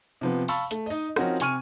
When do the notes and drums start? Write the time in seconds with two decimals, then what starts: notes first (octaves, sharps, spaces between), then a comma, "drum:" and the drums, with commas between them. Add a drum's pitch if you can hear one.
0.21 C3 F3 B3
0.48 F5 A5 B5 C#6 E6, drum: open hi-hat
0.71 A3, drum: hi-hat
0.86 D#4 D#5
1.16 F3 C4 C#4 D#4 F#4 A#4, drum: rim click
1.40 C3 G#5 C#6 F6 D#7, drum: hi-hat